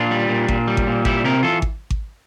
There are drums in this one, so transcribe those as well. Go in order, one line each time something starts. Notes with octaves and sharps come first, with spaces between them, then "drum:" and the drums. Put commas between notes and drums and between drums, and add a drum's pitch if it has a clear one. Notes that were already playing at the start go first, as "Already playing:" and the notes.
Already playing: A#2 D4 F4
G3
A#2
A#2, drum: kick G#1
G3
drum: kick G#1
A#2
G3 E4 G4, drum: kick G#1
C3 G4 A#4
E3 F4 A4
drum: kick G#1
drum: kick G#1